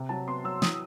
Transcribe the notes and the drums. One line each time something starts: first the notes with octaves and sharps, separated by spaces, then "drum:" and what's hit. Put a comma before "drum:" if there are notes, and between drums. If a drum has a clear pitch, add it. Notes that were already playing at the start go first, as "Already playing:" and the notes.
Already playing: C3
F#3 A5
B3 C6
F#3 E6
E3 D#6, drum: snare